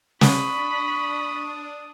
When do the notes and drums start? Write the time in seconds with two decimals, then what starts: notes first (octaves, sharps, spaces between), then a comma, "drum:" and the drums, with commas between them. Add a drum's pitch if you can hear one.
0.21 D4 B5 C#6 D#6, drum: snare